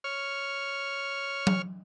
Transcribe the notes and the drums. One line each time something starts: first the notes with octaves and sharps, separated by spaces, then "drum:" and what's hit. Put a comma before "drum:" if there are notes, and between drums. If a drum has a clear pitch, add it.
C#5 F6
drum: tom F#3